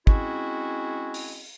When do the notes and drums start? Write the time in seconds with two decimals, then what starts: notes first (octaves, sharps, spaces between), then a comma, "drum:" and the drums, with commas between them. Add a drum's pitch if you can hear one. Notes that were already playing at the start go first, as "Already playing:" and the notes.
0.07 G#3 C4 C#4 E4 F#4, drum: kick
1.14 drum: open hi-hat